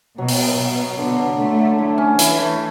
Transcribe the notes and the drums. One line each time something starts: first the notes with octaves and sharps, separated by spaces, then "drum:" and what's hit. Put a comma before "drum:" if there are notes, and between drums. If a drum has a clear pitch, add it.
B2 F#3
drum: open hi-hat
F#3
B2 F#3
F#3
B2 D3
D3
D3 A3
D3
A3 E4
C#4
E3 E4, drum: hi-hat
A3